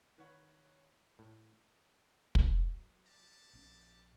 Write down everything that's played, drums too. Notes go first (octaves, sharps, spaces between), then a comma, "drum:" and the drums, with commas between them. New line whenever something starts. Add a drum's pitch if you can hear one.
D#3 B4 C#5 F#5
A2
F#3, drum: kick
G4 D5 A5
A#1 C4 C#4